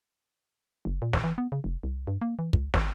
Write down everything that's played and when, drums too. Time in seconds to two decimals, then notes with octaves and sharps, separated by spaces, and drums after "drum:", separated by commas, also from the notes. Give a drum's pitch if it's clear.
0.85 F#1
1.02 A#2
1.13 drum: snare
1.24 E3
1.38 B3
1.52 C#3
1.64 F1
1.83 C2
2.07 G2
2.21 A#3
2.39 E3
2.53 C#2, drum: kick
2.74 G#1, drum: snare